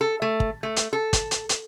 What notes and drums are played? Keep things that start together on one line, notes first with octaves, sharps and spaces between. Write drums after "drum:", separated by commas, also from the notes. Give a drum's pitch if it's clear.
A4
A3
drum: kick
A3
drum: hi-hat
A4
drum: kick, hi-hat
drum: hi-hat
drum: hi-hat